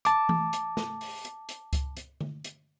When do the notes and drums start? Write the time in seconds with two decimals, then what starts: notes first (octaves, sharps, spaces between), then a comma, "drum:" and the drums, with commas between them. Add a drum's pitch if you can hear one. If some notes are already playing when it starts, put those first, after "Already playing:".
0.05 A5 D6, drum: hi-hat
0.29 drum: tom E3
0.53 drum: hi-hat
0.77 drum: snare
1.01 drum: open hi-hat
1.25 drum: hi-hat
1.49 drum: hi-hat
1.73 drum: kick C#2, hi-hat
1.97 drum: hi-hat
2.21 drum: tom D3
2.44 drum: hi-hat